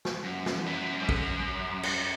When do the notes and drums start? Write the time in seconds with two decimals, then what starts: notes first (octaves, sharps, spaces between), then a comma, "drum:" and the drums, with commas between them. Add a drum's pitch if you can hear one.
0.05 drum: snare
0.24 F#2
0.46 drum: snare
0.57 E2
0.66 F#2
1.00 G#2
1.09 F#2, drum: kick
1.83 drum: cymbal